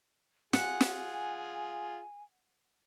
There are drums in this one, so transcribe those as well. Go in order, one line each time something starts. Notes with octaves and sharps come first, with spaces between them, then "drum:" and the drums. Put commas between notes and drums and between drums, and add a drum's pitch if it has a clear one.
F4 G#4 F#5 G#5, drum: snare
drum: snare